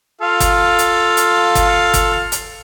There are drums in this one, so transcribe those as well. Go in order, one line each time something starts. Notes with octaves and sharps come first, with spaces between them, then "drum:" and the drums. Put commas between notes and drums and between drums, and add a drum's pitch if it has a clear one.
F4 A4 F5
drum: kick, hi-hat
drum: hi-hat
drum: hi-hat
drum: kick, hi-hat
drum: kick, hi-hat
drum: hi-hat